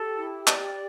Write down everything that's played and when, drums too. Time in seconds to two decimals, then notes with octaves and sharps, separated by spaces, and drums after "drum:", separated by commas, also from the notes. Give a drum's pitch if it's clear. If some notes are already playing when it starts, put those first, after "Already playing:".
Already playing: G4 A4
0.16 E4
0.47 D5, drum: clap